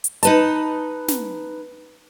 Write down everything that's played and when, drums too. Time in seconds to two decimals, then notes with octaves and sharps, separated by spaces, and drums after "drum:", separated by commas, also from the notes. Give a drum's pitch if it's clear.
0.04 drum: hi-hat
0.23 D#4 B4 A5, drum: hi-hat
1.08 drum: snare